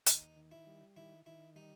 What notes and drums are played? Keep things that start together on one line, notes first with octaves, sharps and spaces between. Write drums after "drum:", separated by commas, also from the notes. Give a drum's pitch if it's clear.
D#2 D#4, drum: hi-hat
D#3
E4
G3
D#3 E4
D#3 E4
G3 D#4